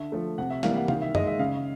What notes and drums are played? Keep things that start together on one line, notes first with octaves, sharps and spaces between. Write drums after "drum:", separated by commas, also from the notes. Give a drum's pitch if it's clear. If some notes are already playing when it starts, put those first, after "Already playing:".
Already playing: D3 E5
F3 A3
C3 F#5
E5
E3 G3 A#3 F5, drum: snare
F#5
D#3 F5, drum: tom C3
E5
G#3 D#5, drum: tom F#2
E5
C#3 F5